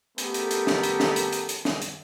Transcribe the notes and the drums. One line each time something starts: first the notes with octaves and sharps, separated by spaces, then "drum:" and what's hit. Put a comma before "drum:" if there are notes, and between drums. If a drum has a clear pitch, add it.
A3 B3 C#4 G4 A4 A#4, drum: hi-hat
drum: hi-hat
drum: hi-hat
drum: snare
drum: hi-hat
drum: snare
drum: hi-hat
drum: hi-hat
drum: hi-hat
drum: snare
drum: hi-hat